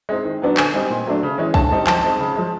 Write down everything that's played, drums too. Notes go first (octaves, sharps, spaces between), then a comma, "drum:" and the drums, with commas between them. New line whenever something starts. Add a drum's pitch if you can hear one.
G#3 C4 D#4
D#3
F#3 B3 D4
D3 G#5, drum: clap
G3 C4 D#4
A#2
F#3 A3 D4
C#3
E3 G#3 C#4
D3 A5, drum: kick B1
G3 C4 D#4
F3 A5, drum: clap
G#3 C4 D#4
C#3
F3 G#3